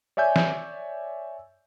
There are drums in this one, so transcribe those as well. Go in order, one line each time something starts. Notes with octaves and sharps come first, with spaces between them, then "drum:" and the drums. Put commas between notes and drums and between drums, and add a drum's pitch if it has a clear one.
C#5 D5 E5 G#5 G6
drum: snare